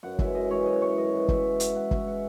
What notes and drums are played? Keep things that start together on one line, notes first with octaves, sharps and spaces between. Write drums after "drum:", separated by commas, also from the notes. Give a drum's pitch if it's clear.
F#2 F#5
E3 G#3 E5, drum: kick
F#2 D#5
E3 G#3 C#5
F#2 D#5
E3 G#3 C#5
F#2 D#5
E3 G#3
B2 E5, drum: kick
G#3
B2 F#5, drum: hi-hat
G#3 F#5
B2 E5, drum: kick
G#3 F#5